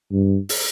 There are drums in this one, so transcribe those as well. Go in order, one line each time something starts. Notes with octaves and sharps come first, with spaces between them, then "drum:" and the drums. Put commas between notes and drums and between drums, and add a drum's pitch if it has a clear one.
G2
drum: open hi-hat